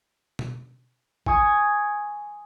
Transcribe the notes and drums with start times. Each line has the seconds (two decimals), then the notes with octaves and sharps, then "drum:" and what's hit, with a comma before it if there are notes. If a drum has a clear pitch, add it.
0.39 drum: tom B2
1.26 G#5 C#6 D#6 G#6, drum: kick A1